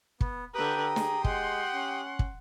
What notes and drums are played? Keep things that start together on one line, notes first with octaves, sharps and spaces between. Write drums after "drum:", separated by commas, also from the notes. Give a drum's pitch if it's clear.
B3, drum: kick
D3 G4 B4 G5 A#5 D#6
G#4, drum: snare
G#3 F#5 C6, drum: kick
C#4
drum: kick